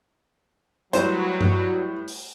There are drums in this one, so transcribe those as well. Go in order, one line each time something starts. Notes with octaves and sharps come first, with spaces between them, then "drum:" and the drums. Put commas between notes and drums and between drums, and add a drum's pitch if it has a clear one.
A2 F#3 G3 B4 C5, drum: hi-hat
drum: tom G2
drum: open hi-hat